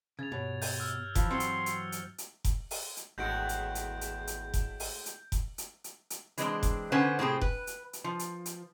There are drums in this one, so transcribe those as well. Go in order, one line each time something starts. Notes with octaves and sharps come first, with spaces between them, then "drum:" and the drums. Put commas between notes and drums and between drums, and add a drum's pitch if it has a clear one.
C#3 G#6 A6 F7
G2 B2 C#5
G6, drum: open hi-hat
E6 F6
E3 F3 F5 A5, drum: kick F1, hi-hat
E3 F#3 C4 C6 C#7 G7
drum: hi-hat
drum: hi-hat
drum: hi-hat
drum: hi-hat
drum: kick F1, hi-hat
drum: open hi-hat
drum: hi-hat
G#1 E2 A2 G#3 F#4 G6 D7
drum: hi-hat
drum: hi-hat
drum: hi-hat
drum: hi-hat
drum: kick F1, hi-hat
drum: open hi-hat
drum: hi-hat
drum: kick F1, hi-hat
drum: hi-hat
drum: hi-hat
drum: hi-hat
E3 G#3 C4 D4, drum: hi-hat
drum: kick F1, hi-hat
D3 B3 C#4 B4 C5 G#5
A2 C3 C4 G#4
B4, drum: kick F1
drum: hi-hat
drum: hi-hat
F3
drum: hi-hat
drum: hi-hat